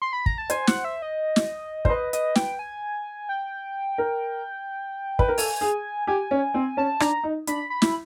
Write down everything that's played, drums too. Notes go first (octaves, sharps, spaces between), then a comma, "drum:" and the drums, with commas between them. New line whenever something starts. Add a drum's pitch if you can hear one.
C6
B5
A#5, drum: kick
A5
C5 G#5, drum: hi-hat
F#5, drum: snare
E5
D#5
drum: snare
C5, drum: kick
B4 D#5
D#5, drum: hi-hat
G5, drum: snare
G#5
G5
A#4
B4, drum: kick
A#4
A4 G#5, drum: open hi-hat
G#4
G4 G#5
C#4
C4
C#4 A5
D4 A#5, drum: rim click
D#4
D4 B5, drum: hi-hat
B5
E4, drum: snare